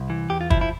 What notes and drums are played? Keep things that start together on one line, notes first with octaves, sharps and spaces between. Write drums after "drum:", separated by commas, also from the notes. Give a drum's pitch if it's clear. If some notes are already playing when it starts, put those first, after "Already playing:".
Already playing: C2
E3
E2 G4
F4
F3 E4, drum: kick
E4